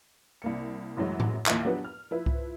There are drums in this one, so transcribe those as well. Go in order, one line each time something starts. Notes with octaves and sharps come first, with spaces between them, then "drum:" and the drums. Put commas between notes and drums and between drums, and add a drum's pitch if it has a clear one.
C2 A#3 C#7
A1 F#2 E3 F#3 G#3
drum: tom A2
D#2 E3 F3 D#4 E5 F5, drum: clap
F3 F#3 B3 D4 G4 B4
F6
F3 E4 B4
drum: kick C2